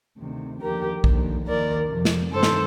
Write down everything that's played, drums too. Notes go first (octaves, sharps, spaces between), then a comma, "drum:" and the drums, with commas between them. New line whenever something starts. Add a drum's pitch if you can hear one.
D2 C3 D#3
D#2 D3 F3 G4 A#4
D#2 D3 F3, drum: kick A#1
D#2 D#3 A#4 D5
F2 C3 F3
drum: snare
G2 D#3 A4 C5
drum: snare